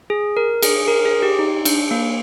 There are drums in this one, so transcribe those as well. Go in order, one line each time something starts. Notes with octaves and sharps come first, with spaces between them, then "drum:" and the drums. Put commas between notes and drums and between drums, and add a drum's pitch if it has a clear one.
G#4
A#4
G#4, drum: cymbal
A#4
G#4
G4
D#4
D4, drum: cymbal
A#3